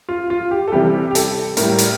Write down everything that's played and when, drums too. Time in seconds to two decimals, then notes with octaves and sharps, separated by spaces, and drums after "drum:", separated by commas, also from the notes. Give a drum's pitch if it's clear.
0.09 F4
0.30 F4
0.51 G4
0.68 A4
0.72 C3 E3 G3 G4
1.11 G4
1.15 A4, drum: hi-hat
1.57 A2 G3 A#4, drum: hi-hat
1.78 drum: hi-hat